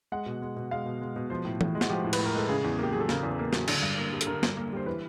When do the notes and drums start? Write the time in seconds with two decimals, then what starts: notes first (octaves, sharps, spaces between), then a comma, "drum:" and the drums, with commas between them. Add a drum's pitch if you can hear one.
0.12 G#3 F#5
0.26 B2
0.42 G#3
0.56 B2
0.71 G#3 F5
0.85 B2
1.01 G#3
1.16 B2
1.30 F3 C5
1.45 A2
1.61 A2, drum: tom E3
1.75 G#3
1.81 F#4, drum: snare
1.90 F3 G4
2.04 A2
2.13 B4, drum: cymbal
2.19 A2
2.26 A#4
2.35 G#3 A4
2.49 C#3 G#4
2.64 E2
2.79 A#3 G4
2.92 F#3 G#4
3.00 A4
3.09 C#3 A#4, drum: snare
3.23 E2
3.39 A#3
3.53 F#3, drum: snare
3.68 D3 A4, drum: cymbal
3.83 G2
3.98 A#3
4.12 G3
4.21 A4, drum: hi-hat
4.27 D3 A#4
4.43 G2, drum: snare
4.57 A#3
4.73 G3 C5
4.86 E3 B4